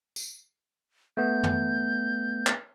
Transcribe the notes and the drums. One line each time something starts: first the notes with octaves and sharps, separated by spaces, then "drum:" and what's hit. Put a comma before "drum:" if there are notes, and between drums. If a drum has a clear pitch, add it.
drum: tambourine
A3 B3 G6
drum: tom
drum: clap